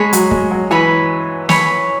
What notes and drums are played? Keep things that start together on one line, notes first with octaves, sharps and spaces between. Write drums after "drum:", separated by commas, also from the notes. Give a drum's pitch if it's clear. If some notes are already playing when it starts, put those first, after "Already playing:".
Already playing: G#3 C#5 G#5 B5
F#3, drum: hi-hat
G#3, drum: kick
F#3
E3 C#5 G#5 B5
C#5 G#5 B5, drum: snare